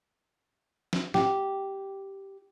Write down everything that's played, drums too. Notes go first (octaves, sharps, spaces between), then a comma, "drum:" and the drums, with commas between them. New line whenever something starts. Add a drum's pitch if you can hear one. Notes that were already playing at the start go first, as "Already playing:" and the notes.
drum: snare
G4, drum: snare